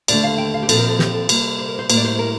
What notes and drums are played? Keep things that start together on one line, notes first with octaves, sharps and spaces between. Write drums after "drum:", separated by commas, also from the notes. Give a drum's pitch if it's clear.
D#2 D3 A3 D5, drum: cymbal
F5
G5
F5
G4
A#2 F3 C4 A4, drum: cymbal
A#4
A4
G4, drum: snare
A4
C3 G3 A#3, drum: cymbal
C5
A#4
C5
A2 G3 A#3 C5, drum: cymbal
D5
C5
A#4